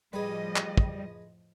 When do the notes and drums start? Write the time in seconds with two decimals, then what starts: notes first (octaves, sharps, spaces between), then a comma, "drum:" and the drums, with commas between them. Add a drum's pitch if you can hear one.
0.13 A2 F3 G3 G#4 B4 D#5
0.56 drum: clap
0.77 drum: kick